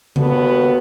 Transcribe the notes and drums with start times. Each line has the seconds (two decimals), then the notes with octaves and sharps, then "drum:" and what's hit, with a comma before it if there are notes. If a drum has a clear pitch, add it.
0.16 D#2 D3 B3 F#4, drum: tom C#3